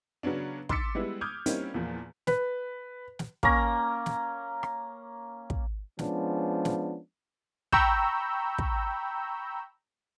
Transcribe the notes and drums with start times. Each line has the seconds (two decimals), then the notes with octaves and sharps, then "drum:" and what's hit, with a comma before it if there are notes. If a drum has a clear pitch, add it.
0.23 C#3 F#3 B3 C#4 D4
0.69 C6 D6 E6 A6 B6 C#7, drum: kick
0.95 G3 G#3 B3 E4
1.21 D6 D#6 F6 G6 G#6
1.46 G3 A#3 C4 C#4 D#4 E4, drum: hi-hat
1.74 E2 A#2 F3
2.27 B4, drum: snare
3.19 drum: snare
3.43 A#3 C#4 A#5, drum: kick
4.06 drum: snare
4.63 drum: rim click
5.50 drum: kick
5.99 F3 G#3 B3 C#4 D4, drum: snare
6.65 drum: snare
7.72 G5 A#5 B5 C#6 E6 G6, drum: kick
8.58 drum: kick